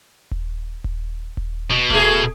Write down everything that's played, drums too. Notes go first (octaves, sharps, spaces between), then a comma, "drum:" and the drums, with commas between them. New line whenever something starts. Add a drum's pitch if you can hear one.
drum: kick D#1
drum: kick D#1
drum: kick D#1
B2
A3 G#4, drum: kick D#1